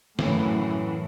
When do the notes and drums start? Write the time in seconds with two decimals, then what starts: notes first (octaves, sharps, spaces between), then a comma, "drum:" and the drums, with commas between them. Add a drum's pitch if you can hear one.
0.19 F#2 A2 C#3 E3, drum: snare